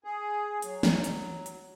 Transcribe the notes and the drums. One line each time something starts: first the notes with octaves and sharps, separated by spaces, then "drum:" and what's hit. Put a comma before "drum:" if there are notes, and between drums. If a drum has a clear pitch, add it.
G#4
F#3, drum: hi-hat
drum: snare
drum: hi-hat
drum: hi-hat